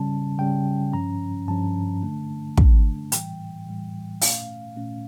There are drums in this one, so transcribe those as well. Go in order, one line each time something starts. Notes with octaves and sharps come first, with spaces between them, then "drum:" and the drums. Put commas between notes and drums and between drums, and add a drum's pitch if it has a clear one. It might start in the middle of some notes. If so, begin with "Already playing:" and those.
Already playing: C#3 G3 C#4 A5
C#3 G3 C#4 G5
G2 F3 C#4 A#5
G2 F3 C#4 A5
D3 A3 D4
D3 A3 D4, drum: kick
A2 E3 G3 G5, drum: hi-hat
A2 E3 G3
A#2 A3 C#4 F5, drum: open hi-hat
A#2 A3 C#4